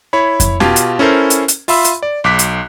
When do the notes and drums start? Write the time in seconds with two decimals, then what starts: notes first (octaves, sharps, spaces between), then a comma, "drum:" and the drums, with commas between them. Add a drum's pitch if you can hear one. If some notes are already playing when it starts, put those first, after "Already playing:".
0.13 E4 C#5 B5
0.40 drum: kick F2, hi-hat
0.60 B2 F4 G4 F5 A5 G#6, drum: snare C#4
0.76 drum: hi-hat
0.99 C#4 E4 A4 A#4 C5
1.30 drum: hi-hat
1.48 drum: hi-hat
1.68 F4 E5 B5 C6 E6, drum: open hi-hat
1.84 drum: hi-hat
2.03 D5
2.24 B1 D6 F#6 B6
2.39 drum: hi-hat